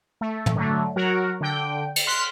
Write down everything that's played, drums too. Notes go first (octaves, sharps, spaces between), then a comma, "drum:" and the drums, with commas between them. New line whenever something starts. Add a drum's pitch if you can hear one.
A3
drum: tom
D3 F#3 A3
F#3 F#4 A#4
D3 G5
drum: cymbal
C6 F6 F#6 B6